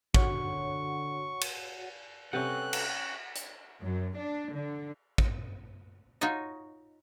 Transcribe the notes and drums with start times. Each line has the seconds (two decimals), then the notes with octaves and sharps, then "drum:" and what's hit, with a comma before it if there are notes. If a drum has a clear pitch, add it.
0.14 D3 F#4 C#5 F#5 C#6, drum: kick
1.41 drum: cymbal
2.33 C3 C#4 A4 B4 F#5 G5 F#6
2.73 drum: cymbal
3.35 drum: hi-hat
3.83 F#2
4.19 D4
4.56 D3
5.18 drum: kick
6.21 D#4 F4 F#4 C#5 D#5